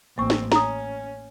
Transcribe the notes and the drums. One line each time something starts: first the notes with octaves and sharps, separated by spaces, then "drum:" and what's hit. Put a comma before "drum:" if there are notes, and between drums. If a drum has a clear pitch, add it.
A1 A#3 C4 C#6
drum: snare
C#4 A#5 D#6, drum: snare